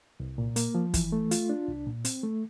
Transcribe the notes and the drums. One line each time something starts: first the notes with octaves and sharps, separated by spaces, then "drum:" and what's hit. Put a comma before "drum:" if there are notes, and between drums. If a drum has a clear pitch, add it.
C2
A#2
A#3, drum: hi-hat
F3
E3, drum: kick, hi-hat
A3
F4, drum: hi-hat
D4
C2
A#2
C4, drum: hi-hat
A3